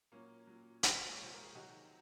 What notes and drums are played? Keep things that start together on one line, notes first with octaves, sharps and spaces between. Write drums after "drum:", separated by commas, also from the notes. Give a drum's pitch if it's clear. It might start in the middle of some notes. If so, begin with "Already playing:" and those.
A#2 F#3 A#3 C#4
A#2 F#3
C3 F3 G#3, drum: hi-hat
C#5
C3 F3 G#3 C5
A#4
G#4
C3 D#3 F#3 D#4 F#4